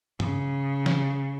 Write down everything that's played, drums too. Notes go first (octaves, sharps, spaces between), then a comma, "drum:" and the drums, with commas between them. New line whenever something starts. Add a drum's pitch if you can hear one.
C#3, drum: tom G2
drum: snare